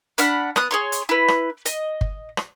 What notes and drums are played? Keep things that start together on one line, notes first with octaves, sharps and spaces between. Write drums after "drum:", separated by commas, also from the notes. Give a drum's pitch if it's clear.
D4 F#5 B5 F6, drum: hi-hat
B3 D#6 F#6, drum: rim click
G#4 C#5 C6
drum: hi-hat
E4 B4
drum: rim click
D#5, drum: hi-hat
drum: kick G1
drum: rim click